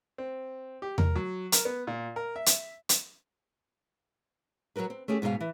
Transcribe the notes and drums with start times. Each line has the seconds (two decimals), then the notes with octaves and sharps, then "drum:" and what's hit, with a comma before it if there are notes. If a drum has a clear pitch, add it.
0.18 C4
0.82 G4
0.98 A#4, drum: tom E2
1.16 F#3
1.52 A#4, drum: hi-hat
1.65 B3
1.87 A#2
2.16 A#4
2.36 E5
2.46 drum: hi-hat
2.89 drum: hi-hat
4.76 F#3 G3 F#4 A#4 B4
4.90 C4
5.08 A3 C#4 G4 G#4
5.22 G#2 B2 G#3 A4 F5
5.40 E3